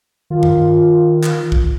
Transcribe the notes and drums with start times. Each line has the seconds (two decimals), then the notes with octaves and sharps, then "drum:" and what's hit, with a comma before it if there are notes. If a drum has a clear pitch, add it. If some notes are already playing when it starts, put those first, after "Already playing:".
0.30 D#3 F4
0.43 drum: tom G2
1.23 drum: clap
1.52 drum: kick